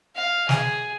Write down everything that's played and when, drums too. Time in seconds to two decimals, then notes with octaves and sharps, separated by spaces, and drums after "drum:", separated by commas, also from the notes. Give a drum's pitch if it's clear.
0.16 F5
0.49 G#4, drum: snare